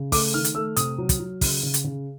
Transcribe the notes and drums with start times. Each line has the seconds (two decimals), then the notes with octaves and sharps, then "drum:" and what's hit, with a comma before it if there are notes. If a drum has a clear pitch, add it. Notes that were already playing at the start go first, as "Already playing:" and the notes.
Already playing: C#3
0.12 A3 D6, drum: kick, open hi-hat
0.34 D#3 F6
0.44 drum: hi-hat
0.55 A3 E6
0.76 C3 D#6, drum: hi-hat
0.98 F#3
1.09 drum: kick, hi-hat
1.20 F#3
1.41 C#3, drum: kick, open hi-hat
1.63 C#3
1.74 drum: hi-hat
1.84 C#3